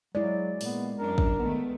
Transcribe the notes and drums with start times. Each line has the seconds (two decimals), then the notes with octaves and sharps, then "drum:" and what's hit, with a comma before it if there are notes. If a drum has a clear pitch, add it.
0.15 F#3 G#3 E4 D5
0.61 A#2 B3, drum: open hi-hat
0.99 F#2 C#4 D4 A#4
1.18 drum: kick
1.39 D#3 G#3 A3 B3